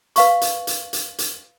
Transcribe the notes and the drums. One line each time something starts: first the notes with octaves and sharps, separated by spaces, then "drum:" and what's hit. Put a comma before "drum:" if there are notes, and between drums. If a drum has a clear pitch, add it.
B4 F5 C#6, drum: hi-hat
drum: hi-hat
drum: hi-hat
drum: hi-hat
drum: hi-hat